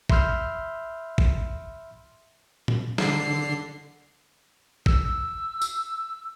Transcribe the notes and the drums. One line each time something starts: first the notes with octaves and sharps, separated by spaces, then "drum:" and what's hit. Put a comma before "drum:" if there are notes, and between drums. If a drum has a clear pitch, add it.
E5 B5 C6 E6 F6 G6, drum: kick
drum: kick
drum: tom A#2
D3 C7, drum: snare
E6, drum: kick
drum: tambourine